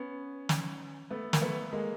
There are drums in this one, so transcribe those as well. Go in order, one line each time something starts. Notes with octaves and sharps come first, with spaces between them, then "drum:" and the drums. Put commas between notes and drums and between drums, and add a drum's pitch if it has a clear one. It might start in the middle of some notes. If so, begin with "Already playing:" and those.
Already playing: B3 C#4
drum: snare
A3 B3
A#3, drum: snare
A3 B3
G#3 A#3